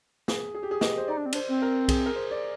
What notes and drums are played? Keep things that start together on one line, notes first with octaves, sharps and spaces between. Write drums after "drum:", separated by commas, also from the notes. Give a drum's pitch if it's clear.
G#4, drum: snare
G#4
G4
G#4
D#5, drum: snare
C5
D#4 D5
D4
C4
D4 C5, drum: cymbal
C4
A#4
G#4, drum: kick B1, cymbal
A#4
C5
D5